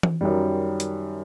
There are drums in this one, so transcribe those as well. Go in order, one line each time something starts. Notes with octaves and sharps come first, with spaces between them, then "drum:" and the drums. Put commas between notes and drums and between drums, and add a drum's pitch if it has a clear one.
drum: tom E3
F#2 D#3 G3
drum: hi-hat